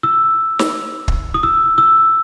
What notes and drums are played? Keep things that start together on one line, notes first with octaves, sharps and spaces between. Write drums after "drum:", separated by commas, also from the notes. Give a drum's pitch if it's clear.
E6
drum: snare
drum: kick
D#6
E6
E6